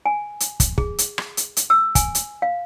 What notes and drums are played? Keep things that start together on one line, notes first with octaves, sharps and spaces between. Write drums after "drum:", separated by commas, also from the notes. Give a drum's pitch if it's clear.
G#5
drum: hi-hat
drum: kick, hi-hat
G#4, drum: kick
drum: hi-hat
drum: rim click
drum: hi-hat
drum: hi-hat
E6
G#5, drum: kick, hi-hat
drum: hi-hat
F5